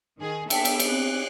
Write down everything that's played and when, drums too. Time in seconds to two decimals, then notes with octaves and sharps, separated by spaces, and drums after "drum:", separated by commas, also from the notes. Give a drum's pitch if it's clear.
0.20 D#3 G#4
0.50 B3 A4 E5 G5, drum: cymbal
0.65 drum: cymbal
0.80 drum: cymbal
0.89 C4 F#6